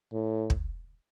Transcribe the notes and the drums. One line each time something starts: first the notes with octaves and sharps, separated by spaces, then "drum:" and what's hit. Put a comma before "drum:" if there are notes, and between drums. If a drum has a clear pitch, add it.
A2
drum: kick